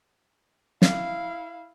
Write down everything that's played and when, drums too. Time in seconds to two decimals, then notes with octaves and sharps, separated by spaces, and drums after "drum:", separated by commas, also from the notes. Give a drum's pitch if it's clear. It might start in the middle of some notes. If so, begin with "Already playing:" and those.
0.82 E4 F5, drum: snare